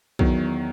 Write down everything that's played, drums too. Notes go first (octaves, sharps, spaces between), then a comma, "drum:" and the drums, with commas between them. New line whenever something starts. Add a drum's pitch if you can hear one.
E2 D#3 F#3, drum: kick